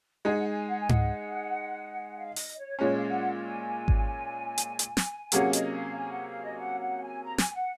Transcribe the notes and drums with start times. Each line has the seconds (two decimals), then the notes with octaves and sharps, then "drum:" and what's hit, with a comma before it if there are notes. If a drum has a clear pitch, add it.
0.25 G#3 D#4 G#4 F#5
0.47 G#5
0.68 F#5
0.79 G#5
0.89 F#5, drum: tom G#2
2.16 F5
2.36 D#5, drum: open hi-hat
2.58 C#5
2.78 A#2 G#3 C#4 C#5
2.95 F5
3.10 F#5
3.42 G#5
3.88 drum: kick G#1
4.58 drum: hi-hat
4.79 drum: hi-hat
4.97 drum: snare
5.32 C3 F#3 A#3 C#4 G#4 F#5, drum: hi-hat
5.53 D#5, drum: hi-hat
5.74 F5
5.96 G#5
6.11 F#5
6.27 F5
6.42 D#5
6.59 F#5
6.80 F#5
7.01 G#5
7.23 A#5
7.38 G#5, drum: snare
7.54 F#5